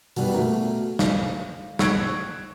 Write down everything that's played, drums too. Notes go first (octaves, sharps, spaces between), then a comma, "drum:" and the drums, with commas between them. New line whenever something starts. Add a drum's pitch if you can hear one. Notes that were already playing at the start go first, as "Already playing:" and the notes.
B2 G3 B4, drum: open hi-hat
B2 A3 A#3
F5, drum: snare
C#6 E6 F#6 G#6 D7, drum: snare